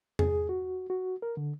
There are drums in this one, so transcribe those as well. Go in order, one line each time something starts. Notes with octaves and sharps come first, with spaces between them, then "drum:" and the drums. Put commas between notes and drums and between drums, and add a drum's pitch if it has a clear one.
G#4, drum: tom E2
F#4
F#4
A#4
D3